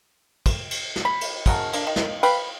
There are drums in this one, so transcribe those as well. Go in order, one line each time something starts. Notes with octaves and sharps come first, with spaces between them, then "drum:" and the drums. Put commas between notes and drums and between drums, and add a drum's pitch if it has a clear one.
drum: kick, cymbal
drum: cymbal
drum: snare
B5
drum: cymbal
C#3 F#3 A#4 A5, drum: kick, cymbal
A#3 D4, drum: cymbal
D#3
drum: snare
B4 F5 G5 B5, drum: cymbal